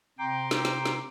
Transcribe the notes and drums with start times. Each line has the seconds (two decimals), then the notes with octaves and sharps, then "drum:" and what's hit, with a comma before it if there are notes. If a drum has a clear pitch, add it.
0.19 C3 G5 A#5 C6 D6
0.51 G4, drum: snare
0.65 drum: snare
0.85 drum: snare